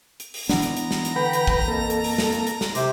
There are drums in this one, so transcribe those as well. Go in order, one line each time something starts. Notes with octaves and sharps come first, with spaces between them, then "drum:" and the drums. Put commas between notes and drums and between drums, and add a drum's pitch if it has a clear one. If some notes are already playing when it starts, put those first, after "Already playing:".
drum: hi-hat
drum: open hi-hat
E3 B3 D4 A#5, drum: snare
drum: hi-hat
drum: hi-hat
drum: snare
drum: hi-hat
D3 B4 G5 B5
drum: hi-hat
drum: kick A1
F2 A#3 A4
drum: hi-hat
drum: open hi-hat
drum: snare
drum: hi-hat
drum: hi-hat
drum: snare
C3 C5 D6, drum: hi-hat